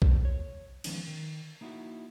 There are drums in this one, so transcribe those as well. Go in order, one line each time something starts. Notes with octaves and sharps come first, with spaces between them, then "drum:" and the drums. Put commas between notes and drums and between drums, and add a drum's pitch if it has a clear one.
A#3 F#4 A4 C5 D5, drum: kick A#1
C#5
D#3 F3 G#3 B3 C#4 D#4, drum: cymbal
D#3
A#3 D#4 E4 F#4